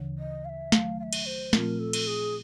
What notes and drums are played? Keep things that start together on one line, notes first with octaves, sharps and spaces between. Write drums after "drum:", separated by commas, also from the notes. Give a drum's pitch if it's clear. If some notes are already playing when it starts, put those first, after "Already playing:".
Already playing: D2 C#3 E3
D#5
F5
E5
D#3 F#3 A3 F5, drum: snare
F5
E5
drum: cymbal
C5
A#2 F3 A3 C4 F4 A#4, drum: snare
A4
drum: cymbal
G#4